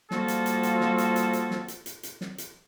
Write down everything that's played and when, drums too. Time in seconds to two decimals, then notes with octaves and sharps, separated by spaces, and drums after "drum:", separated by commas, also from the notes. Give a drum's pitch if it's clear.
0.11 F3 G3 A#3 F4 F#4 A4, drum: snare
0.28 drum: hi-hat
0.46 drum: hi-hat
0.63 drum: hi-hat
0.81 drum: snare
0.98 drum: hi-hat
1.16 drum: hi-hat
1.33 drum: hi-hat
1.51 drum: snare
1.68 drum: hi-hat
1.86 drum: hi-hat
2.03 drum: hi-hat
2.21 drum: snare
2.38 drum: hi-hat